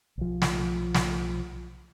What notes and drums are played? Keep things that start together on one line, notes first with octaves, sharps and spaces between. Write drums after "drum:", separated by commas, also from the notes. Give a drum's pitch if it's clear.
B1 F3
drum: snare
drum: snare